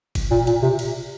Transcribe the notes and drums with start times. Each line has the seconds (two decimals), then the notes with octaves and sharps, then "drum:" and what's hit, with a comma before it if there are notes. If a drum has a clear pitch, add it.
0.15 drum: kick G1, cymbal
0.31 A#2
0.47 A#2, drum: cymbal
0.62 C3
0.79 drum: cymbal